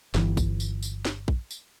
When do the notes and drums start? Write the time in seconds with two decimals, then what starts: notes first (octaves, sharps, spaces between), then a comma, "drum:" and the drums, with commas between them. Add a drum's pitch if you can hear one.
0.14 G1 E3, drum: snare
0.37 drum: kick A#1, tambourine
0.60 drum: tambourine
0.83 drum: tambourine
1.05 drum: snare
1.28 drum: kick A#1
1.51 drum: tambourine